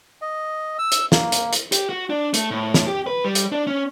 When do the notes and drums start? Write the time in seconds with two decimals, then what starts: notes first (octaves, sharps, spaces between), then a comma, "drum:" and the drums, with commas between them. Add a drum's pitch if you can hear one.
0.22 D#5
0.79 E6
0.92 drum: hi-hat
1.12 A#3, drum: snare
1.32 drum: hi-hat
1.53 drum: hi-hat
1.72 G4, drum: hi-hat
1.89 F#4
2.10 D4
2.34 A3, drum: hi-hat
2.51 A2
2.74 drum: snare
2.87 G4
3.07 B4
3.24 G3
3.35 drum: hi-hat
3.52 D4
3.67 C#4